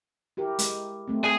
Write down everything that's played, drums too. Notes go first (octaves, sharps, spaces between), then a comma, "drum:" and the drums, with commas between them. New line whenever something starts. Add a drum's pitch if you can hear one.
E4 G4 A#4
G#3, drum: hi-hat
A3 C4
G#4